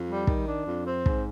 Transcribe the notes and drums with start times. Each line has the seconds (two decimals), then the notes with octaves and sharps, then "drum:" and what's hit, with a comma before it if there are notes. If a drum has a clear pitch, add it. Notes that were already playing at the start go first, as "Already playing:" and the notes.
Already playing: F2
0.08 G3
0.27 D#3, drum: kick
0.47 D4
0.66 F2
0.86 C4
1.06 G#2, drum: kick